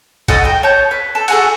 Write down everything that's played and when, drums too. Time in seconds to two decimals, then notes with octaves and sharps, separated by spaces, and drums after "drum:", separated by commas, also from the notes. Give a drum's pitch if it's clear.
0.28 F#4 A4 D#5 D#6, drum: kick, cymbal
0.44 G5 A#5
0.63 C#5 A5 G6
0.91 B4
1.15 A4
1.28 F#4 G#4 A4, drum: cymbal